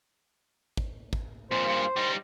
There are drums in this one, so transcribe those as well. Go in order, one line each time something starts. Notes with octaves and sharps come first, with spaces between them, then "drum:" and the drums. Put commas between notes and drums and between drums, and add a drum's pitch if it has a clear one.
drum: kick
drum: kick
F2 A#2 C5
G2 A#2
G3 D#4